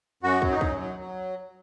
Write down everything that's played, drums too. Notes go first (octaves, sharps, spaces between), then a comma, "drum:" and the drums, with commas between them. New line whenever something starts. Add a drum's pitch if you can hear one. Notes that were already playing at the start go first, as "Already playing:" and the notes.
F#2 F#4
F#3, drum: kick
D#4
F#2, drum: kick
F#3
F#3